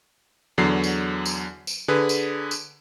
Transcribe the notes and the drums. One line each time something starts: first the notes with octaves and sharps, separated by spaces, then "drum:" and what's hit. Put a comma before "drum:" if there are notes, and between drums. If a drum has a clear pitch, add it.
E2 D3 F#3 C7
drum: tambourine
drum: tambourine
drum: tambourine
D3 G#4 B4
drum: tambourine
drum: tambourine